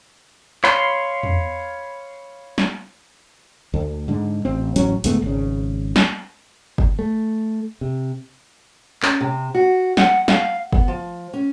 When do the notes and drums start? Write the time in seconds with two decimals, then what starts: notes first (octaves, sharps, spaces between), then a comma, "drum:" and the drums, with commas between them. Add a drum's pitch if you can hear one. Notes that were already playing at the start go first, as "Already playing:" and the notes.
0.64 C#5 F5 B5 C6, drum: clap
1.23 drum: tom E2
2.58 drum: snare
3.74 D2
4.08 G#2 D3
4.45 A1 C4
4.76 D1 A1 F#3 C#4, drum: hi-hat
5.04 C#2 G#2 A3 B3, drum: hi-hat
5.22 G#1 C#3
5.96 drum: snare
6.78 drum: kick F#1
6.99 A3
7.81 C3
9.02 C#4, drum: clap
9.21 C3
9.55 F#4
9.97 F#5, drum: snare
10.28 F5, drum: snare
10.73 B3, drum: kick F#1
10.88 F3
11.33 C#4